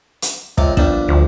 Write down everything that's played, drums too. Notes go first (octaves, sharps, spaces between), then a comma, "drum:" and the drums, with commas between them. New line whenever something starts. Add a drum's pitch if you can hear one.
drum: hi-hat
C#2 C3 D6, drum: kick
A#1 G3 B3 D4, drum: kick
D2 F3